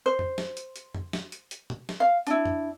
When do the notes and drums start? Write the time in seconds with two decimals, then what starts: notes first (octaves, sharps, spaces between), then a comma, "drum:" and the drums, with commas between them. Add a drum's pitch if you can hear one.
0.06 C5
0.19 drum: tom
0.38 drum: snare
0.57 drum: hi-hat
0.76 drum: hi-hat
0.95 drum: tom
1.13 drum: snare
1.32 drum: hi-hat
1.51 drum: hi-hat
1.70 drum: tom
1.89 drum: snare
2.00 F5
2.27 D4 E4, drum: hi-hat
2.45 drum: tom